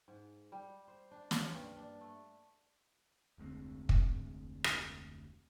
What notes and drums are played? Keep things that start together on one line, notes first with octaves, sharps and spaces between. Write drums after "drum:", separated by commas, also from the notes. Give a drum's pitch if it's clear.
G#2
G3
C5
D4
A#3, drum: snare
G2
D4
A3
F1 D2 G#3 C4
drum: kick
drum: rim click